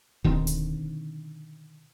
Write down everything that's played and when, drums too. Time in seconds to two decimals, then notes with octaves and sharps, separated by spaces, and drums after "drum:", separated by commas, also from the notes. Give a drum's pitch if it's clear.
0.24 B2 D3 D#3 C4, drum: kick D1
0.47 drum: hi-hat